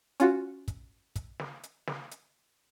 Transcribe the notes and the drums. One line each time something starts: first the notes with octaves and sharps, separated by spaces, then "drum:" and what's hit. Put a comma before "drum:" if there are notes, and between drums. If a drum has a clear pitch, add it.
C#4 F4 F#4, drum: hi-hat
drum: kick, hi-hat
drum: kick, hi-hat
drum: snare
drum: hi-hat
drum: snare
drum: hi-hat